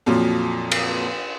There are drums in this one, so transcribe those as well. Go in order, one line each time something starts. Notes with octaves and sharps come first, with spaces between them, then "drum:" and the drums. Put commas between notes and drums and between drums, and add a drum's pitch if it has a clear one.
F2 A#2 F3 F#3
drum: cymbal